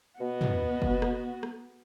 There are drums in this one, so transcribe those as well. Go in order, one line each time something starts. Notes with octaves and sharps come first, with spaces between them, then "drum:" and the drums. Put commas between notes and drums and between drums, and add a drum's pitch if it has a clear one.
B2 B3 F#4
drum: tom
drum: kick F#1
drum: rim click
drum: rim click